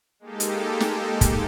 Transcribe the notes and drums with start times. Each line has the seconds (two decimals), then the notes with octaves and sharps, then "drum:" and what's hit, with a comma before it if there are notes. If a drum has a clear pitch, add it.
0.20 G#3 A#3 D#4 G4 A4
0.40 drum: hi-hat
0.80 drum: snare
1.21 drum: kick, hi-hat